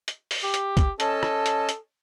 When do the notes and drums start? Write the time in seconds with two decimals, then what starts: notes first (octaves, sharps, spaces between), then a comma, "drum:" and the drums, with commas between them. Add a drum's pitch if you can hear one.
0.08 drum: hi-hat
0.31 drum: open hi-hat
0.44 G4
0.54 drum: hi-hat
0.77 drum: kick, hi-hat
1.00 C#4 A4 D#5 A5, drum: hi-hat
1.23 drum: rim click
1.46 drum: hi-hat
1.69 drum: hi-hat